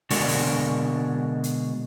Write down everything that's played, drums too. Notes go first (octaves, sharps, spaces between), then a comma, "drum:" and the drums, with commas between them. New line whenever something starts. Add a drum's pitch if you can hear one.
B2 D3 G#3 F#4 A#4 D5, drum: open hi-hat
drum: open hi-hat
drum: hi-hat